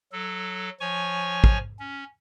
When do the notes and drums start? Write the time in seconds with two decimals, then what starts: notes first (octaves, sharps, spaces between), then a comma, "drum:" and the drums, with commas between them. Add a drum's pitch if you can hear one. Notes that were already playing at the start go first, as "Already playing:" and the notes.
0.12 F#3 A4
0.80 F3 C#5 G#5 C#6
1.44 drum: kick
1.79 C#4